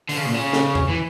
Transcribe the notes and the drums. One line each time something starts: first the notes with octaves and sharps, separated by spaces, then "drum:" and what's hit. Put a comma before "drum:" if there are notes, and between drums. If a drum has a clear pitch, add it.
D3, drum: open hi-hat
C#3
A#2
C#3
drum: snare C#4
drum: tom E2
E3